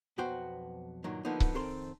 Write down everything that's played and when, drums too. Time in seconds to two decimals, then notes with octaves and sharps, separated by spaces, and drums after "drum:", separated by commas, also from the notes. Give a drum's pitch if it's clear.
0.18 B1 F2 B3 F#4 C5 G5
1.04 G2 A#2 D#3 F#3
1.25 D3 F3 A#3 B3 D#4
1.40 drum: kick C#1
1.55 F2 D#3 C4 A4 A#4 C6